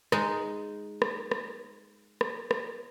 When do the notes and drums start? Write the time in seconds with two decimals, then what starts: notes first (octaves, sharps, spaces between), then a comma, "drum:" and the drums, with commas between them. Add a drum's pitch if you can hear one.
0.12 G#3 D#4, drum: rim click
1.02 drum: rim click
1.32 drum: rim click
2.21 drum: rim click
2.51 drum: rim click